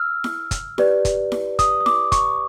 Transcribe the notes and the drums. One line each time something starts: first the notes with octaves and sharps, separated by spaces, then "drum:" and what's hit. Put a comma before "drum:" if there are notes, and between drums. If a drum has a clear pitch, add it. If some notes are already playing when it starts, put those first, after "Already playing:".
Already playing: E6 F6
drum: snare E4
drum: kick, hi-hat
G4 B4 D5, drum: snare E4
drum: kick, hi-hat
drum: snare E4
D#6, drum: kick, hi-hat
D#6
D6, drum: snare E4
C#6, drum: kick, hi-hat